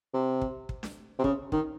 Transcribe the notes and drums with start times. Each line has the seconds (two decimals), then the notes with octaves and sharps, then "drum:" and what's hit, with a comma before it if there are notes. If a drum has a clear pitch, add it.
0.14 C3
0.42 drum: kick
0.69 drum: kick
0.83 drum: snare D4
1.19 C3
1.24 C#3, drum: kick
1.52 D#3, drum: kick